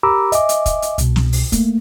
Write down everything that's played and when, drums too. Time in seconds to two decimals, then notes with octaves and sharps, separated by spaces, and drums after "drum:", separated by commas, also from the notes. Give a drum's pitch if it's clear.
0.03 G4 A#4 A#5 B5 D6 E6
0.32 D#5 E5 G#5 D6, drum: hi-hat
0.49 drum: hi-hat
0.66 drum: kick, hi-hat
0.82 drum: hi-hat
0.98 C2 B2, drum: hi-hat
1.16 drum: snare
1.33 drum: open hi-hat
1.52 A3 A#3, drum: kick, hi-hat